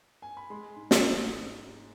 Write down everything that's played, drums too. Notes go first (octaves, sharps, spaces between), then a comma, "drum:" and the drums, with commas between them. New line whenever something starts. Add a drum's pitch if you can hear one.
G#5
B5
G#3 C6
G#2
drum: snare
G#2 D#6